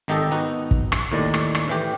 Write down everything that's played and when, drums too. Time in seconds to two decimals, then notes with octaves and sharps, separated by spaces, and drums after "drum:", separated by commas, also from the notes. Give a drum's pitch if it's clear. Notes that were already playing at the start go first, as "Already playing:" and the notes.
0.08 G#1 D#3 D#4 G4 A4 D#5
0.31 B3 D#4 F#4
0.71 drum: kick
0.92 drum: rim click
1.12 D#2 A2 D#3 D5
1.34 drum: rim click
1.55 drum: rim click
1.68 A2 E3 G4